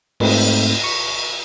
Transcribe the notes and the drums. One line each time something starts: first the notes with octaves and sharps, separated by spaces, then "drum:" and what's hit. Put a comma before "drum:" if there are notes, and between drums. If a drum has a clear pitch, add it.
G#2 A3 C4 D#4, drum: cymbal
C#6